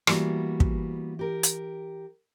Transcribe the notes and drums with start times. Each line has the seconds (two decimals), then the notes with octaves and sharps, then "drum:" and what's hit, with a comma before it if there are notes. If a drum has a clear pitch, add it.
0.07 E3 G3 A#3 B3 F#4, drum: rim click
0.60 drum: kick
1.19 G4 A#4
1.43 drum: hi-hat